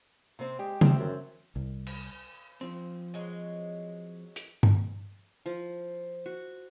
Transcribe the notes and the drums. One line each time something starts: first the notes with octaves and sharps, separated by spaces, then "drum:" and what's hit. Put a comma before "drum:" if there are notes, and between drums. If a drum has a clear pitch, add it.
C3 C4
G#3 G4
C4 E5, drum: tom C#3
F#2
C2
drum: cymbal
F3 C4
F#3 G#3
drum: hi-hat
drum: tom G2
F3
F#4